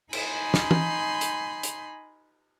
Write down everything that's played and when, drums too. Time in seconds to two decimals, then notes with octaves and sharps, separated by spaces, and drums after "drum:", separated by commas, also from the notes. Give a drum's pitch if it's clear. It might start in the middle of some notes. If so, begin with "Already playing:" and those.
0.13 D#4 G#5 B5 C6 G6, drum: cymbal
0.54 drum: snare
0.71 drum: tom
1.21 drum: hi-hat
1.63 drum: hi-hat